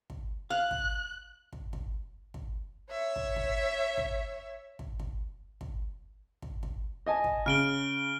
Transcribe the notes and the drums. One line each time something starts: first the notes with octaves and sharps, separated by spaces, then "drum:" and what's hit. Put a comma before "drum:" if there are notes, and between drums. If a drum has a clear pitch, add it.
drum: kick
F5 F#6
drum: kick
drum: kick
drum: kick
drum: kick
C#5 E5
drum: kick
drum: kick
drum: kick
drum: kick
drum: kick
drum: kick
drum: kick
drum: kick
D#5 G#5 A5
drum: kick
C#3 F6 D7 G7